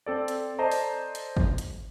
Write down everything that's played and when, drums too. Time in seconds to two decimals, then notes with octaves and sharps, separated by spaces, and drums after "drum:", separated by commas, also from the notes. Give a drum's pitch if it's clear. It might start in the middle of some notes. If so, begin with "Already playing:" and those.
0.06 C4 A4 D5
0.28 drum: hi-hat
0.59 A4 C5 D5 D#5 A5 A#5
0.72 drum: open hi-hat
1.15 drum: hi-hat
1.37 drum: kick
1.58 drum: hi-hat